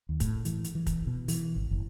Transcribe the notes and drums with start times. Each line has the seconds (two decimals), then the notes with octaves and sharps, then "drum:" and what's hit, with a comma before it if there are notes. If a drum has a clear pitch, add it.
0.09 D#2
0.20 A2, drum: kick, hi-hat
0.45 E3, drum: hi-hat
0.64 drum: hi-hat
0.75 E3
0.86 drum: kick, hi-hat
1.07 B2
1.28 E3, drum: open hi-hat
1.56 G#1
1.71 F#1